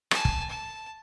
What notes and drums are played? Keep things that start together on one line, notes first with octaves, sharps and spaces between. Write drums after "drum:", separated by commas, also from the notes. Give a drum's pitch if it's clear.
G#5 A5, drum: rim click
drum: kick
A5